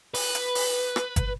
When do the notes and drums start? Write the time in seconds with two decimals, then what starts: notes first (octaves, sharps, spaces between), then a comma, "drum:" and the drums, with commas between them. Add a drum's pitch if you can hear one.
0.14 B4, drum: open hi-hat
0.35 drum: hi-hat
0.55 drum: open hi-hat
0.96 drum: rim click
1.16 drum: kick, hi-hat